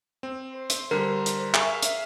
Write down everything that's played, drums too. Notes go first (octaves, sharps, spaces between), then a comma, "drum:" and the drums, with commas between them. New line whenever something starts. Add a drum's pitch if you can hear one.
C4
C5
drum: hi-hat
D3 G3 A#4
drum: hi-hat
G#4 E5 F5 C#6, drum: clap
drum: hi-hat